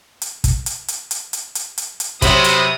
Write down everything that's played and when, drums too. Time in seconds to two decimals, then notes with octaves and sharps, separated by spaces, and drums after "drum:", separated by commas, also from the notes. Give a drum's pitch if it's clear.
0.22 drum: hi-hat
0.44 drum: kick, hi-hat
0.66 drum: hi-hat
0.88 drum: hi-hat
1.11 drum: hi-hat
1.33 drum: hi-hat
1.55 drum: hi-hat
1.78 drum: hi-hat
2.00 drum: hi-hat
2.22 C3 F#3 B4 C5 D#6, drum: kick, hi-hat
2.44 drum: hi-hat